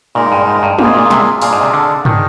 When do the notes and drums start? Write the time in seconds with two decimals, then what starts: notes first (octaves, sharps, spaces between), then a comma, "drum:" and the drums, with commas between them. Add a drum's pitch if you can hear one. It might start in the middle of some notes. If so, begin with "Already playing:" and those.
0.15 A#2 G#3 D#4 A#4
0.32 G2
0.47 G#2
0.63 G2
0.79 G#2 A#3 F4 G#4, drum: tom
0.94 A#2
1.10 C3, drum: snare
1.42 A#2 D4 G#4 D5 F5, drum: open hi-hat
1.53 G#2
1.63 C3
1.74 D3
2.05 D#3 D4 G#4 D#5, drum: tom